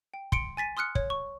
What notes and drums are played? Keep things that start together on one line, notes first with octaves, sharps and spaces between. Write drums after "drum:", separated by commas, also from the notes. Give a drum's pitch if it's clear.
G5
C6 C#7 D7, drum: kick
G#5 A6 B6 D#7
C6 D#6 F6 F#6 C#7
C#5, drum: kick
C#6